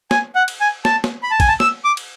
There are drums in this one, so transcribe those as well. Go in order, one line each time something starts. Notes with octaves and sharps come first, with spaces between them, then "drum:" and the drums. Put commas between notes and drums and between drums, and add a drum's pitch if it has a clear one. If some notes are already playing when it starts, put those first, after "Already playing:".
G#5, drum: snare
F#5
drum: cymbal
G#5
A5, drum: snare
drum: snare
B5
A5
G#5, drum: kick, cymbal
A5
E6, drum: snare
D6
drum: cymbal